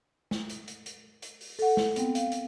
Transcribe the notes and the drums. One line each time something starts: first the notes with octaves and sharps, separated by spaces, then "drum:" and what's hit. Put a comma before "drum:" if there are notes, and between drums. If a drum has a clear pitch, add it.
drum: snare
drum: hi-hat
drum: hi-hat
drum: hi-hat
drum: hi-hat
drum: open hi-hat
A4 F#5, drum: open hi-hat
drum: snare
B3 C4 G5, drum: hi-hat
F5, drum: hi-hat
drum: hi-hat